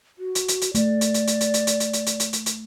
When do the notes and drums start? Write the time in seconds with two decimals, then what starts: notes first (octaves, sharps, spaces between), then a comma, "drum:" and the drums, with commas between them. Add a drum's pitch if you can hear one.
0.18 F#4
0.35 drum: hi-hat
0.48 drum: hi-hat
0.61 drum: hi-hat
0.75 A3 D5, drum: hi-hat
1.01 drum: hi-hat
1.14 drum: hi-hat
1.27 drum: hi-hat
1.41 drum: hi-hat
1.54 drum: hi-hat
1.67 drum: hi-hat
1.80 drum: hi-hat
1.93 drum: hi-hat
2.06 drum: hi-hat
2.20 drum: hi-hat
2.33 drum: hi-hat
2.46 drum: hi-hat